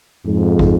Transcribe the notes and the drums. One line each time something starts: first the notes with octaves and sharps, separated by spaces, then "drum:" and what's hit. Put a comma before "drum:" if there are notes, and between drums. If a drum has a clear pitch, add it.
F2 G#2
drum: kick